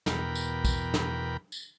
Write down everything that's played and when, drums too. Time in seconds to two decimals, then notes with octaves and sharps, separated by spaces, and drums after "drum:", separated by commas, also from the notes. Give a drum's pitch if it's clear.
0.06 E2 B2 A#4 G5 B5, drum: snare
0.35 drum: tambourine
0.65 drum: kick, tambourine
0.94 drum: snare
1.52 drum: tambourine